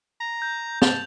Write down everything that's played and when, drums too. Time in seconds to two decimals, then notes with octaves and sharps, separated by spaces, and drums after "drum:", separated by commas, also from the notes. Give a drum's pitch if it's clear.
0.20 A#5
0.42 G6
0.82 A5 F7 F#7, drum: snare